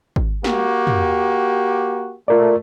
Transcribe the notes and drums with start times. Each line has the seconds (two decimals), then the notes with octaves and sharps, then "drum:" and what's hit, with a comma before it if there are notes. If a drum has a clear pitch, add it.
0.16 drum: kick G#1
0.44 A#3 F#4 G4, drum: snare
0.87 drum: tom
2.28 A3 F4 A#4 D5